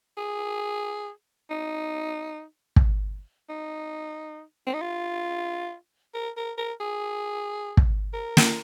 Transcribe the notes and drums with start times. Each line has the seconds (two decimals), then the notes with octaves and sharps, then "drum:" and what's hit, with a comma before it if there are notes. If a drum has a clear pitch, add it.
0.17 G#4
1.50 D#4
2.76 drum: kick
3.49 D#4
4.67 C4
4.74 D#4
4.81 F4
6.14 A#4
6.37 A#4
6.58 A#4
6.80 G#4
7.77 drum: kick
8.14 A#4
8.37 drum: snare